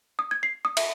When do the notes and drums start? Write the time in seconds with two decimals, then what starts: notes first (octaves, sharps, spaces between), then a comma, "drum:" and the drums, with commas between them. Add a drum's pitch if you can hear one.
0.19 D#6
0.31 G#6
0.43 C7
0.65 D#6
0.77 E5, drum: cymbal